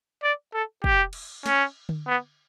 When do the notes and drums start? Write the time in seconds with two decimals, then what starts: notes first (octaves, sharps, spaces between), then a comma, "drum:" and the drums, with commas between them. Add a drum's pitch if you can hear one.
0.23 D5
0.54 A4
0.84 G4, drum: kick
1.13 drum: cymbal
1.46 C#4, drum: snare
1.89 drum: tom D3
2.07 B3